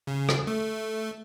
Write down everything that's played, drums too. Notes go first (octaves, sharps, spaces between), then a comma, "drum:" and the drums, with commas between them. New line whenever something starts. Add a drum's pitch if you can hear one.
C#3
drum: rim click
A3